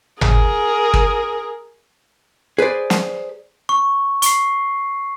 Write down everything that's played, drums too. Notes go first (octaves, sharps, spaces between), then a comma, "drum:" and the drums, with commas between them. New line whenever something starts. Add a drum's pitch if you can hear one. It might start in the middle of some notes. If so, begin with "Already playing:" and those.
G#4 A#4, drum: tom G#1
drum: kick
G#4 B4 C5 D5
drum: snare
C#6
C#6 C7, drum: hi-hat